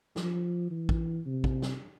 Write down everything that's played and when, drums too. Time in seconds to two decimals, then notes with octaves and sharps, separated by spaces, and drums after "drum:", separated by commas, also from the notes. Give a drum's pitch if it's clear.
0.16 F3, drum: snare
0.71 E3
0.89 drum: kick
1.26 C3
1.44 drum: kick
1.62 drum: snare